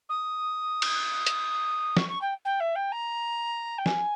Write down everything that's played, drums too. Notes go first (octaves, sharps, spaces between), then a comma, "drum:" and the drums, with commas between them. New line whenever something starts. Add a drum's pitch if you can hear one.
D#6
drum: cymbal
drum: hi-hat
C#6, drum: snare
C#6
G5
G5
E5
G5
A#5
G5
G#5, drum: snare